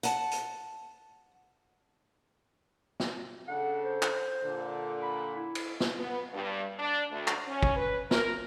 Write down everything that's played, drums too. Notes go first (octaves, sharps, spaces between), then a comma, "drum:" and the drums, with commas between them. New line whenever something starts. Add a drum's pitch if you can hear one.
F#5 A5, drum: hi-hat
drum: hi-hat
drum: snare
C#3 D4 A4 F#5
C5
drum: clap
A#2 D3
B5
E4
drum: cymbal
drum: snare
B3
G2
D4
D2
drum: clap
C#4
drum: kick
B4
A#4, drum: snare